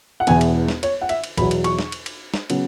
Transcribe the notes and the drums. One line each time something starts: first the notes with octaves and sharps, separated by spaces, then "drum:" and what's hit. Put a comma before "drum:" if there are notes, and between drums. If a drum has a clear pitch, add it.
F#5
E1 E2 E3 B3 G#5, drum: cymbal
drum: cymbal
drum: snare
C#5, drum: cymbal
F#5
E5, drum: cymbal
drum: cymbal
E2 B2 F#3 B5, drum: kick B1, cymbal
drum: cymbal
C#6, drum: cymbal
drum: snare
drum: cymbal
drum: cymbal
drum: snare
C#3 F#3 B3, drum: cymbal